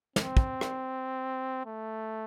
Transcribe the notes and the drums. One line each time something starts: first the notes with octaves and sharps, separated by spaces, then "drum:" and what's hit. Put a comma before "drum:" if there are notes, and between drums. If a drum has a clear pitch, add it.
C4, drum: snare
drum: kick
drum: rim click
A3